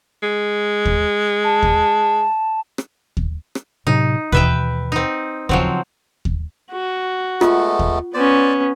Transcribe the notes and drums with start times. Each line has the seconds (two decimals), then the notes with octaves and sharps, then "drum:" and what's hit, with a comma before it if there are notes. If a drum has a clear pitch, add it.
0.23 G#3
0.85 drum: kick D#2
1.44 A5
1.63 drum: kick D#2
2.78 drum: rim click
3.17 drum: kick D#2
3.55 drum: rim click
3.87 A2 C3 F#3 D#4
4.32 D#2 B2 E3 B4 E5 G5, drum: kick D#2
4.92 C4 D#4
5.49 C#3 F3 F#3 C4, drum: kick D#2
6.25 drum: kick D#2
6.71 F#4
7.41 G#3 A3 B3 F4, drum: rim click
7.79 drum: kick D#2
8.14 B3 C#4 C5 D5